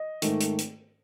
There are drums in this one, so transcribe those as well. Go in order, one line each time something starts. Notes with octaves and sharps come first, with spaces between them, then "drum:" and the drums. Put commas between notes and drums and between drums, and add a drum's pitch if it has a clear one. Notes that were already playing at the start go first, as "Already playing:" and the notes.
Already playing: D#5
G#2 D#3 A3, drum: hi-hat
drum: hi-hat
drum: hi-hat